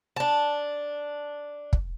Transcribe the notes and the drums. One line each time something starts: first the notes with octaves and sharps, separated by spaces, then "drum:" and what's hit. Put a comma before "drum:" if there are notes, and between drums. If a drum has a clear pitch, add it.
D4 A5
drum: kick